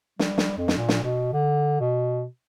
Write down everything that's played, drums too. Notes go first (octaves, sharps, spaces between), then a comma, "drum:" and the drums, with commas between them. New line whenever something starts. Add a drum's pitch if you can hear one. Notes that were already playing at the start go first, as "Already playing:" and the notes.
G3, drum: snare
drum: snare
F2
drum: snare
A#2
drum: snare
B2
D3
B2